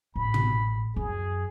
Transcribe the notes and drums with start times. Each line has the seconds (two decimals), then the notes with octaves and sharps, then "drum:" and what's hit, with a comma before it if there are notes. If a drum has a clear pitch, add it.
0.16 A1 B5
0.34 drum: tom
0.96 F#2 G#4